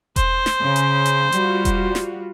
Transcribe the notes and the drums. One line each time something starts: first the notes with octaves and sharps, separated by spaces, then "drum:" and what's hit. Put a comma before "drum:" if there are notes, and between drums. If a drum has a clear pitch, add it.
C5, drum: kick E1, hi-hat
drum: snare
C#3
drum: hi-hat
drum: hi-hat
G3 F4 F#4, drum: hi-hat
drum: kick E1, hi-hat
drum: snare